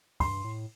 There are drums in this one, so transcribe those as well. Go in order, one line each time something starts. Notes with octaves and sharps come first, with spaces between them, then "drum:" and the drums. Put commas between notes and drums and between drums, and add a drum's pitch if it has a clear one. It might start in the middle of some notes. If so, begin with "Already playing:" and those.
G2 C6, drum: kick, open hi-hat
A2